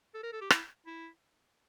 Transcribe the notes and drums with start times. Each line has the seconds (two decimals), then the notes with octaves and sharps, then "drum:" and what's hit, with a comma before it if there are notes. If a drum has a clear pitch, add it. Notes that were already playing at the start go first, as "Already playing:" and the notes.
0.14 A4
0.23 A#4
0.33 A4
0.41 G4
0.50 E4, drum: rim click
0.86 E4